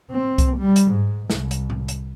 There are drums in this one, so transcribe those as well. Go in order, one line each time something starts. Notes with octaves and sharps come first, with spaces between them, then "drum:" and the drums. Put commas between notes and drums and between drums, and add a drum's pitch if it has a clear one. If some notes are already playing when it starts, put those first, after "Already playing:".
C4
drum: kick C2, hi-hat
G3
drum: hi-hat
G#2
C2, drum: snare
drum: hi-hat
drum: tom A2
drum: hi-hat